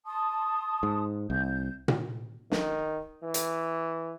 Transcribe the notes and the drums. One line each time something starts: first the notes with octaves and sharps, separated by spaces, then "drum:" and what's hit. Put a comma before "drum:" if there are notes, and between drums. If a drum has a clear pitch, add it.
A5 C6 D#6
G#2
C2 G6
drum: tom A#2
D#3, drum: snare
E3
drum: hi-hat